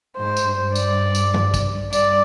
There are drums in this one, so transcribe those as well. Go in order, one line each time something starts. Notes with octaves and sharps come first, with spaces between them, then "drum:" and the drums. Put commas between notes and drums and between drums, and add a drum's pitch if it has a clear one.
G#2 C5
drum: tambourine
G2
D5, drum: tambourine
drum: tambourine
drum: tom G2
drum: kick, tambourine
G2 D5, drum: tambourine